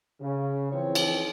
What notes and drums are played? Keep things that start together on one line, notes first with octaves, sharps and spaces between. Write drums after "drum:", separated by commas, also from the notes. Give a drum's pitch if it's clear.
C#3
E3 F3 C4 C#5
drum: cymbal